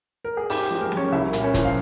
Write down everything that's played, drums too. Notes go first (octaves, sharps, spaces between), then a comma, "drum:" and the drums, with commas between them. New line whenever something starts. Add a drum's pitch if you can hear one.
A#4
G#4
G#2 G4, drum: open hi-hat
F3 G#4
A#3 A#4
A#3, drum: snare
C#4 C#5
C2 E4 E5
A#2, drum: hi-hat
C#4 C#5
F3, drum: kick, hi-hat
F5